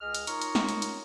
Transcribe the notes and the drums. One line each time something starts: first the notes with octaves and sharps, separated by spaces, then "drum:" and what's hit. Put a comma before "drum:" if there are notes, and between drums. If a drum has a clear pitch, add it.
C#2 G#4 D#5 F6
drum: hi-hat
D#4 F4 A#4 C#5 A#5 C#6, drum: hi-hat
drum: hi-hat
drum: snare
drum: hi-hat
drum: hi-hat